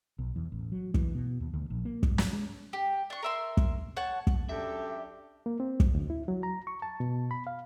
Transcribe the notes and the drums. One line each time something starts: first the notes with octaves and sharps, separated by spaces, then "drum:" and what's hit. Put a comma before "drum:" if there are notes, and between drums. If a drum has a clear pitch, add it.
B1
E2
A1
F#3
E3, drum: kick
B2
D#2
D2
A#1
A#3
G#2, drum: kick
drum: snare
G#3
G4
D4 C#6
A#4 E5 C6
drum: kick
C#5 F#5 A5
drum: kick
F#2 D4 G4 A4 E5
A#3
C4
drum: kick
D2
E4
F#3
A#5
C#6
A5
B2
B5
F5